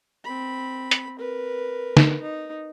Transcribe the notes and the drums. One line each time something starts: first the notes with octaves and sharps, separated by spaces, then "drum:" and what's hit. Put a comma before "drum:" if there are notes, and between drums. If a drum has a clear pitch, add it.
C4 B5
drum: hi-hat
A#4 B4
drum: snare
D#4